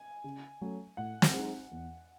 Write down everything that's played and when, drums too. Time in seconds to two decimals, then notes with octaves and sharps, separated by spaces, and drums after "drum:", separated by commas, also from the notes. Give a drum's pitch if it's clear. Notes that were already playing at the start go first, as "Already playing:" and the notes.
Already playing: G#5
0.24 C#3
0.61 F#3 A3 C#4
0.97 A2 F#5
1.22 drum: snare
1.34 G#3 D#4
1.71 E2